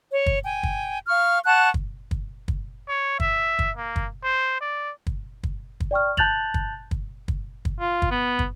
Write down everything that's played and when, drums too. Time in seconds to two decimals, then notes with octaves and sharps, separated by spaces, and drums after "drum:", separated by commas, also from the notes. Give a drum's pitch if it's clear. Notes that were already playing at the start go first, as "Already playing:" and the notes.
0.12 C#5
0.26 drum: kick
0.42 G5 G#5
0.63 drum: kick
1.08 F5 C#6 F6
1.45 F#5 A5 C#6 F#6
1.74 drum: kick
2.11 drum: kick
2.48 drum: kick
2.88 C#5
3.20 E5, drum: kick
3.59 drum: kick
3.77 A#3
3.96 drum: kick
4.24 C5
4.61 D5
5.07 drum: kick
5.43 drum: kick
5.80 drum: kick
5.91 D5 G5 C#6 F6
6.17 A5 F#6 G6 A6 F7 F#7, drum: kick
6.54 drum: kick
6.91 drum: kick
7.28 drum: kick
7.65 drum: kick
7.80 F4
8.02 drum: kick
8.11 B3
8.39 drum: kick